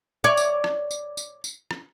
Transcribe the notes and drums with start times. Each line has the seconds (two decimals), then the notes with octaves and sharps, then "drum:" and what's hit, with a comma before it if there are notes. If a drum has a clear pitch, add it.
0.24 C#5 D5
0.37 drum: tambourine
0.64 drum: rim click
0.91 drum: tambourine
1.17 drum: tambourine
1.44 drum: tambourine
1.71 drum: rim click